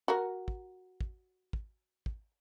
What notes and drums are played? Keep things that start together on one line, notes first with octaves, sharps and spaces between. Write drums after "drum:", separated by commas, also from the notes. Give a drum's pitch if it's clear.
F#4 A#4
drum: kick
drum: kick
drum: kick
drum: kick